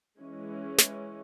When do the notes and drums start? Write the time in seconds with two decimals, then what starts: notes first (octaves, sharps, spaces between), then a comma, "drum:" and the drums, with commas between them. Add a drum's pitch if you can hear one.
0.19 E3 G#3 C#4
0.78 drum: snare